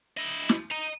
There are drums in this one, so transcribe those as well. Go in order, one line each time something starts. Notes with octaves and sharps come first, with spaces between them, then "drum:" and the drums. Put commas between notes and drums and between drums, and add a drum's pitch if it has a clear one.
E4 D#5
drum: snare
D#5 A#5